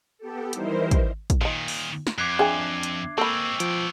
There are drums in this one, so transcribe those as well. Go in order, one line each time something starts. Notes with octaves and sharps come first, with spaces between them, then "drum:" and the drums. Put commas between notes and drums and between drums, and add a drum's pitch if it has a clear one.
B3 G4 A4
E3 G3 D#4 E4 A#4 C5, drum: hi-hat
drum: kick, hi-hat
drum: kick, hi-hat
A#2 D#3 F3 D#4
drum: open hi-hat
drum: snare
F2 D6 F#6 G#6 C7
D4 G#4 E5 G5 G#5
drum: hi-hat
G#3 A#3 C4 A4 B5 C#6 E6 F#7
F3 B3 G5, drum: hi-hat